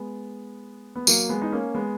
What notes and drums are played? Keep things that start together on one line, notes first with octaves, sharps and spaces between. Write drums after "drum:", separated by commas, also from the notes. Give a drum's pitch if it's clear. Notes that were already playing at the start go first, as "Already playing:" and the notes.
Already playing: G#3 B3
B3
F#3 A#3, drum: tambourine
G#3 B3
D#4
A#3 C#4
G#3 B3